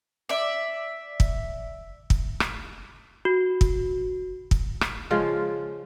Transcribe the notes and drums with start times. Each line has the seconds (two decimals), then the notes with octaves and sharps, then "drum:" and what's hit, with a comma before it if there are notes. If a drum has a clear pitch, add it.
0.29 D5 E5
1.20 drum: kick
2.10 drum: kick
2.40 drum: rim click
3.25 F#4
3.61 drum: kick
4.51 drum: kick
4.81 drum: rim click
5.11 C#3 F3 G#3 F4